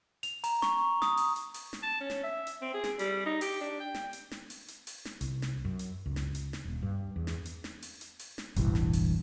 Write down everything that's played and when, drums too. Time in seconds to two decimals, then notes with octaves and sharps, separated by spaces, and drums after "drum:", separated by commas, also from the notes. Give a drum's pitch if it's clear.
0.23 F7, drum: hi-hat
0.44 A#5, drum: open hi-hat
0.62 C#6, drum: snare
1.02 D#6, drum: snare
1.17 drum: open hi-hat
1.36 drum: hi-hat
1.54 drum: open hi-hat
1.73 drum: snare
1.83 A5
2.01 C#4
2.10 drum: snare
2.23 E5
2.47 drum: hi-hat
2.62 C4
2.74 G#4
2.84 drum: snare
2.99 G3, drum: hi-hat
3.26 D#4
3.41 G4, drum: open hi-hat
3.61 D4
3.80 G5
3.94 drum: snare
4.13 drum: hi-hat
4.31 drum: snare
4.50 drum: open hi-hat
4.68 drum: hi-hat
4.87 drum: open hi-hat
5.05 drum: snare
5.21 C2, drum: hi-hat
5.42 drum: snare
5.65 F#2
5.79 drum: hi-hat
6.06 C#2
6.16 drum: snare
6.35 drum: hi-hat
6.53 drum: snare
6.65 D#1
6.83 G2
7.16 E2
7.27 drum: snare
7.46 drum: hi-hat
7.64 drum: snare
7.82 drum: open hi-hat
8.01 drum: hi-hat
8.19 drum: open hi-hat
8.38 drum: snare
8.56 E1 A1 G2 E3, drum: hi-hat
8.75 drum: snare
8.93 drum: open hi-hat